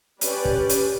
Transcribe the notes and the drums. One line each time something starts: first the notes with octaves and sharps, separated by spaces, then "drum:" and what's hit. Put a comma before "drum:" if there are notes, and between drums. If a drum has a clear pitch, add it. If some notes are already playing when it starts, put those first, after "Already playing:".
C#4 G4 B4 D5, drum: hi-hat
drum: kick
drum: hi-hat